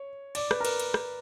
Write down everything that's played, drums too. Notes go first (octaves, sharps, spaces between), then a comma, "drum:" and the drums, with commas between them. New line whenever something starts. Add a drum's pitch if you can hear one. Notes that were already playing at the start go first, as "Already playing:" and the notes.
Already playing: C#5
D5, drum: cymbal
B4, drum: rim click
A#4
B4, drum: cymbal
drum: cymbal
drum: rim click